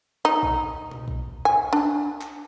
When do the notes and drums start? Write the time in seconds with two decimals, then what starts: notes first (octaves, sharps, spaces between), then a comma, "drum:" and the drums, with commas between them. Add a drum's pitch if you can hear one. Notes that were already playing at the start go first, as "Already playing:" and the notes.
0.25 D#4
0.43 drum: kick B1
0.91 drum: tom B2
1.08 drum: kick B1
1.45 G#5
1.73 D4
2.21 drum: clap